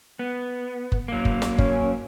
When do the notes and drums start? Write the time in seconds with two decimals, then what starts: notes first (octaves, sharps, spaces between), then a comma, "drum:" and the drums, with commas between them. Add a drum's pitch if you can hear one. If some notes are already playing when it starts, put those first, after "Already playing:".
0.19 B3
0.92 drum: kick F#1
1.08 F#3 A#3
1.25 drum: kick F#1
1.42 drum: snare
1.58 C#4, drum: kick F#1